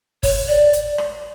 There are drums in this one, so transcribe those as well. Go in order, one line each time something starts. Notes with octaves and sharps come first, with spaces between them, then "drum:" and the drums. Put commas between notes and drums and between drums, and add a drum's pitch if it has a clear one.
C#5, drum: kick G1, open hi-hat
D5
drum: hi-hat
drum: rim click